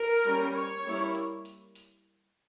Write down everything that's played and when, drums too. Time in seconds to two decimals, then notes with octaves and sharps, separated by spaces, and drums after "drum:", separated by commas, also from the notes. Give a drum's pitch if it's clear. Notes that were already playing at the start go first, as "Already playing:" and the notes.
Already playing: A#4
0.24 G3 A#3 C#4, drum: hi-hat
0.54 C#5
0.84 G3 A#3 E4
1.15 drum: hi-hat
1.45 drum: hi-hat
1.75 drum: hi-hat